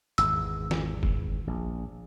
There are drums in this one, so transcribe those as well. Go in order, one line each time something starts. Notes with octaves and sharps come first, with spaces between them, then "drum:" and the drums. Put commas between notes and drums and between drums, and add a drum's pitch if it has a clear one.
G#1 E2 E6, drum: hi-hat
drum: snare
drum: kick
A#1